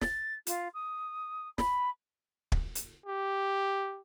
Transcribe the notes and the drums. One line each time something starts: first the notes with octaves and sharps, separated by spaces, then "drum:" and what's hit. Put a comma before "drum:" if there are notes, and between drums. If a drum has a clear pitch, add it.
A6, drum: snare
F4, drum: hi-hat
D#6
B5, drum: snare
drum: kick
drum: hi-hat
G4